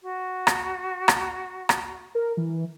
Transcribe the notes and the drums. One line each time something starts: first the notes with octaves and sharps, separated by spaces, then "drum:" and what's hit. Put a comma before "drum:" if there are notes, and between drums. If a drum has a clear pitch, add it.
F#4
drum: rim click
drum: rim click
drum: rim click
A#4
E3